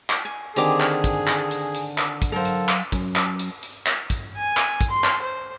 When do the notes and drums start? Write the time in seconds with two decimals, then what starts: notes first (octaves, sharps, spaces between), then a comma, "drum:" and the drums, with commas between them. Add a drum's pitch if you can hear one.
0.10 drum: clap
0.25 G#5
0.56 D3 D#3 C4 G4 G#4 G#5 A#5 D6, drum: hi-hat
0.81 drum: clap
1.04 drum: kick, hi-hat
1.28 drum: clap
1.51 drum: hi-hat
1.75 drum: hi-hat
1.98 drum: clap
2.22 drum: kick, hi-hat
2.32 F#3 A4 A#4 C5 F5
2.45 drum: hi-hat
2.69 drum: clap
2.92 F#2, drum: kick, hi-hat
3.16 drum: clap
3.39 drum: hi-hat
3.63 drum: hi-hat
3.86 drum: clap
4.10 drum: kick, hi-hat
4.37 G#5
4.57 drum: clap
4.81 drum: kick, hi-hat
4.91 C6
5.04 drum: clap
5.22 C5